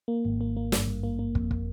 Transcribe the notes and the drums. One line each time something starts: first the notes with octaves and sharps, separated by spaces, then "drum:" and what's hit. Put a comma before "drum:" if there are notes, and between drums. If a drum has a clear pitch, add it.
A#3
G#1
A#3
A#3
G2, drum: snare
G2
A#3
A#3
F2, drum: kick
drum: kick